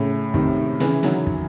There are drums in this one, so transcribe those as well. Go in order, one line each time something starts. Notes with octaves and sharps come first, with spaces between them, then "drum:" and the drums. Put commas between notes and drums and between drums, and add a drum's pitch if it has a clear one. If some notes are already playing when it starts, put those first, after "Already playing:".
Already playing: A2 C#3
C3 D#3, drum: kick
C#3 E3, drum: snare
D#3 F#3, drum: snare
drum: kick